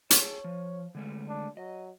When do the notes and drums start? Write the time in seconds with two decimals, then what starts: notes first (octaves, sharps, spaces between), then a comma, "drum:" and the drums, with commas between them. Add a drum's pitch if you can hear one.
0.10 G#4 C#5 A5, drum: hi-hat
0.44 F3
0.95 D3 G#3 A3
1.28 D4
1.57 F#3 D#5